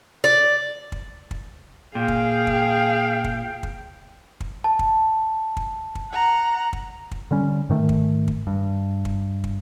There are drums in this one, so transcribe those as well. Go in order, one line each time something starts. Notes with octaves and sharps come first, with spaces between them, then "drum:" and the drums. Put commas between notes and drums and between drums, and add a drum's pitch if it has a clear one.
D5
drum: kick
drum: kick
A#2 G#4 F5 G5
drum: kick
drum: kick
drum: kick
drum: kick
drum: kick
A5
drum: kick
drum: kick
drum: kick
F#5 A#5
drum: kick
drum: kick
D3 G3 C#4
G#2 D#3 A3
drum: kick
drum: kick
G2
drum: kick
drum: kick